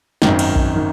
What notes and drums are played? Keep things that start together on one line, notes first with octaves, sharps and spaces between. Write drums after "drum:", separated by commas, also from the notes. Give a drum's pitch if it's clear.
G#1 F#2 D#3, drum: snare
drum: cymbal
drum: kick A#1
D#3